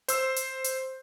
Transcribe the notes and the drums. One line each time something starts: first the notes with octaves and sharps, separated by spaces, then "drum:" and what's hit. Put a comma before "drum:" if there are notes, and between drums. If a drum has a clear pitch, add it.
C5 E6, drum: hi-hat
drum: hi-hat
drum: hi-hat